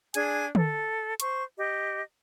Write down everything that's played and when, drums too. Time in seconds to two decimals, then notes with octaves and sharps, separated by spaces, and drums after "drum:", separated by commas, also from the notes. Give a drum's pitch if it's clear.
0.14 D4 G#4 G#5 G#6, drum: hi-hat
0.55 A4, drum: tom
1.20 C5 C#6, drum: hi-hat
1.57 G4 D#5